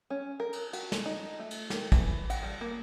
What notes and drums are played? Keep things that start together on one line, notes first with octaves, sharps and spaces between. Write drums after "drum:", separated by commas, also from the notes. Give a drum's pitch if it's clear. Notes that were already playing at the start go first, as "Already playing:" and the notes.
C#4
A#4
drum: cymbal
F#4, drum: cymbal
drum: snare
D#4
A3
drum: cymbal
D#3, drum: snare
E3, drum: kick, cymbal
F#5, drum: cymbal
G3
A#3